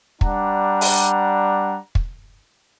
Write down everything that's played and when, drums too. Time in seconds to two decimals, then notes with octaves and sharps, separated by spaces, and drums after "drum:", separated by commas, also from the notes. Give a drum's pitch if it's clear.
0.21 G3 D4 F#5 A#5, drum: kick
0.81 drum: open hi-hat
1.95 drum: kick